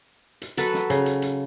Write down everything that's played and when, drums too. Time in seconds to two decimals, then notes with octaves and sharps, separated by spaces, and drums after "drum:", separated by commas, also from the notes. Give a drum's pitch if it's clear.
0.42 drum: hi-hat
0.57 F#3 A4 B4, drum: hi-hat
0.74 drum: snare
0.90 C#3, drum: hi-hat
1.06 drum: hi-hat
1.22 drum: hi-hat